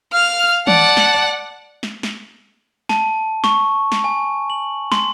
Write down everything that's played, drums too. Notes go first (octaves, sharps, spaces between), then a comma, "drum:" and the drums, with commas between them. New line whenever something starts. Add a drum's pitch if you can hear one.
F5 F6
D5 F#5 A5, drum: tom
drum: snare
drum: snare
drum: snare
A5, drum: snare
C#6, drum: snare
drum: snare
G#5
F#7
C6, drum: snare